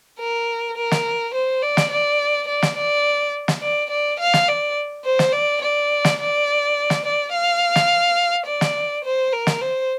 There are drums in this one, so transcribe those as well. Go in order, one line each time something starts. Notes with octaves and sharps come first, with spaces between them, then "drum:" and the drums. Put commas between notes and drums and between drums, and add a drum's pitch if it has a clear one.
A#4
A#4
drum: snare
C5
D5
drum: snare
D5
D5
drum: snare
D5
drum: snare
D5
D5
F5
drum: snare
D5
C5
drum: snare
D5
D5
drum: snare
D5
drum: snare
D5
F5
drum: snare
D5
drum: snare
C5
A#4
drum: snare
C5